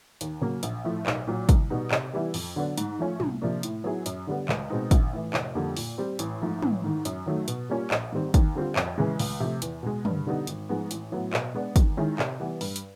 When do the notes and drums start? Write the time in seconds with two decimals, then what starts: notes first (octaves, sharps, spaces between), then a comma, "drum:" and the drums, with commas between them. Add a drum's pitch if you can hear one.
0.21 D#2, drum: hi-hat
0.41 C#3 F#3 A#3
0.63 A#1, drum: hi-hat
0.84 A2 F3 A3
1.06 B1, drum: clap
1.27 A#2 F#3
1.49 C2, drum: kick, hi-hat
1.70 B2 G3 B3 D#4
1.91 C3, drum: clap
2.13 E3 G3 B3 E4
2.34 F2, drum: open hi-hat
2.56 D3 F#3 B3 D4
2.78 G#2, drum: hi-hat
2.99 F3 A3 C#4 F4
3.20 C2, drum: tom
3.42 C3 F3 A#3 D4
3.63 A2, drum: hi-hat
3.84 F#3 B3 E4 G#4
4.06 F#2, drum: hi-hat
4.27 D3 G3 B3
4.49 C#2, drum: clap
4.70 B2 G#3 C4 D#4
4.91 A#1, drum: kick, hi-hat
5.13 A2 E3
5.34 F1, drum: clap
5.55 F2 D3 G3 A#3
5.77 A#2, drum: open hi-hat
5.98 G3 C4
6.19 A1, drum: hi-hat
6.41 G#2 F3 A3
6.62 A1, drum: tom
6.84 G#2 D#3
7.05 F#2, drum: hi-hat
7.26 D#3 F#3 A3
7.48 B2, drum: hi-hat
7.70 G3 A#3 C#4 F4
7.91 A#1, drum: clap
8.12 G#2 D#3 G3 C4
8.34 D#2, drum: kick, hi-hat
8.55 D3 G3 C4 F4
8.76 F2, drum: clap
8.98 C#3 E3 G#3
9.19 C#2, drum: open hi-hat
9.40 C3 F3 A3
9.62 E2, drum: hi-hat
9.83 B2 G#3
10.05 G2, drum: tom
10.27 D3 G3 B3 D#4
10.47 G#1, drum: hi-hat
10.69 G#2 F3 G#3 B3
10.91 A1, drum: hi-hat
11.12 A2 F#3 B3
11.33 B2, drum: clap
11.55 G#3 B3 D4
11.76 D#2, drum: kick, hi-hat
11.97 D#3 G#3 C#4 E4
12.19 C3, drum: clap
12.40 E3 G3 B3
12.61 G2, drum: open hi-hat
12.76 drum: hi-hat